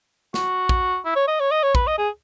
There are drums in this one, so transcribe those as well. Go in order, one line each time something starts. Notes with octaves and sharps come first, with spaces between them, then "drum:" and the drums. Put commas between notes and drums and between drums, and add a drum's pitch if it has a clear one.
F#4, drum: snare
drum: kick
E4
C#5
D#5
C#5
D#5
C#5
B4, drum: kick
D#5
G#4